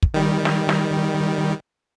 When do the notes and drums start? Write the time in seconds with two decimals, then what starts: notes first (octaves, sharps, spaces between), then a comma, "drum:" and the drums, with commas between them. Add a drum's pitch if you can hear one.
0.03 drum: kick
0.14 D#3 G3
0.45 drum: snare
0.69 drum: snare